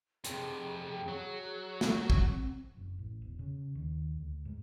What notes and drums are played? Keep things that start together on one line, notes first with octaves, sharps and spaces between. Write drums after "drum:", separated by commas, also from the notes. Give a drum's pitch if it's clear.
F2 C3 G#4, drum: hi-hat
F#3
drum: snare
drum: kick
C4
F#1
A1
E1
C#3
D#2
D2
G#2